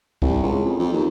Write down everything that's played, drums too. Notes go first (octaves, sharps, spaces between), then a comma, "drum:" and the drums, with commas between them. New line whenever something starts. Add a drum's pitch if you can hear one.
C2, drum: kick C2
C#2
F2
F2
D#2